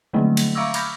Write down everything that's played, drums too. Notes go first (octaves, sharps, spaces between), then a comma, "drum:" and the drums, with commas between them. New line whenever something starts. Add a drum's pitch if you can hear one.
D3 F3 F#3 A3 A#3 D4
drum: cymbal
E5 F5 C#6 D6 E6
B5 D6 F6 G6 A#6, drum: cymbal